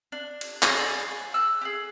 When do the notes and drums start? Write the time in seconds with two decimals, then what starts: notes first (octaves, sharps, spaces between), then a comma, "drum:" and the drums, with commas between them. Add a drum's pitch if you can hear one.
0.12 D4
0.41 drum: cymbal
0.63 G#4 A4 C#5 D#5, drum: clap
0.78 D5 G#5
1.34 E6 F#6
1.61 G4 G#4